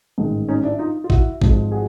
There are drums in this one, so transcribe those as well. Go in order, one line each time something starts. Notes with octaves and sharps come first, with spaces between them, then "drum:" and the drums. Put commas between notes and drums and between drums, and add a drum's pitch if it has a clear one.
A1 G#2 D#3
C#4 D#4
D4 E4
D#4 F4
F4
E4 F#4, drum: kick
G#1 G#2 F3, drum: kick
F#4 G#4